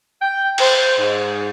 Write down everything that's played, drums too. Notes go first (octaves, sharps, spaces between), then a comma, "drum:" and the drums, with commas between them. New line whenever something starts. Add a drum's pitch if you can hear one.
G5
C5, drum: cymbal
G#2